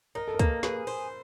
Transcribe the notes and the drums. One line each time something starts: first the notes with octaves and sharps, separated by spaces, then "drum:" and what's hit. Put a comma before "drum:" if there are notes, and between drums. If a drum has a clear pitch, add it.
D#4 A#4
A4
A#4
A#3 B4, drum: kick, hi-hat
A#4
G#4 B4, drum: snare
C5, drum: open hi-hat